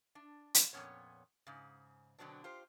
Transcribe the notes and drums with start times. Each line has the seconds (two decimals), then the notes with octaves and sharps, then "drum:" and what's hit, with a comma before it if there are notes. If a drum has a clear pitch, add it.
0.15 D4
0.54 drum: hi-hat
0.73 F2 A#2 E3 B3 C#4 C#5
1.47 G#2 C#3
2.19 B2 D3 F#3 C4 D4
2.44 F4 G4 C5